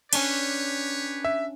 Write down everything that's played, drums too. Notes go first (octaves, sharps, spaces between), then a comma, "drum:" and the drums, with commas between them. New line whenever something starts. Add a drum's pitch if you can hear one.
C#4 D4 G4 B4 C#5, drum: cymbal
E5